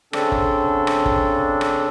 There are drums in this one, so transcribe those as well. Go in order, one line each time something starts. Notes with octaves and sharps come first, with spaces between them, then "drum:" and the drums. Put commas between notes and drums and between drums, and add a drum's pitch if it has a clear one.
C#3 C4 D4 A4, drum: rim click
drum: kick
drum: rim click
drum: kick
drum: rim click